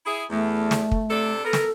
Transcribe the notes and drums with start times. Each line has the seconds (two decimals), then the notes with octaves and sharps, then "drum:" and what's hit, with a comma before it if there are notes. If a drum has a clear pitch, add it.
0.06 E4 G#4
0.30 E2 A3
0.71 drum: snare
0.92 drum: kick
1.10 C3 D4 A4
1.44 B3 A4 A#4
1.53 drum: snare